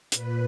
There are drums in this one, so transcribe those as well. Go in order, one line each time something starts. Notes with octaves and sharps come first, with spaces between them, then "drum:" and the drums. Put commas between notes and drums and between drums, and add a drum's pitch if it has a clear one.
A#2 B4, drum: hi-hat